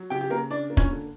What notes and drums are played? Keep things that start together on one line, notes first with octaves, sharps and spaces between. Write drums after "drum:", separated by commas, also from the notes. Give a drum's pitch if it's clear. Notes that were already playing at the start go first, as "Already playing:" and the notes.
Already playing: F#3
C#3 G4 G5
G4
C#3 A#3 A#4
D4 D5
A#3
C#4 C#5, drum: kick
D3